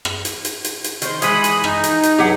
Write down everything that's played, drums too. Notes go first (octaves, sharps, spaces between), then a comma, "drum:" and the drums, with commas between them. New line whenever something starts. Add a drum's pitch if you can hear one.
drum: rim click
drum: hi-hat
drum: hi-hat
drum: hi-hat
drum: hi-hat
D#3 C5, drum: hi-hat
E3 G#3 B5 D#6, drum: hi-hat
drum: hi-hat
D#4, drum: rim click
drum: hi-hat
drum: hi-hat
G2 F#3 G4 G#4 F#5